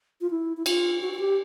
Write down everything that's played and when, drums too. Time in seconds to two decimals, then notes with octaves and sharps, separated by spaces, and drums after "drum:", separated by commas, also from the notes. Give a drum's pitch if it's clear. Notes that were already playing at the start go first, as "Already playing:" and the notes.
0.21 F4
0.30 E4
0.57 E4
0.66 F4, drum: cymbal
1.02 F#4
1.14 F#4
1.19 G4